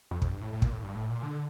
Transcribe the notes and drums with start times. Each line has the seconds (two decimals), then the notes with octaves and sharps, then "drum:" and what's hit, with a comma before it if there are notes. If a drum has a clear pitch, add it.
0.11 F2
0.22 F2, drum: kick
0.32 G2
0.41 A2
0.53 A2
0.62 A#2, drum: kick
0.72 A2
0.83 G2
0.95 A2
1.10 A#2
1.23 D3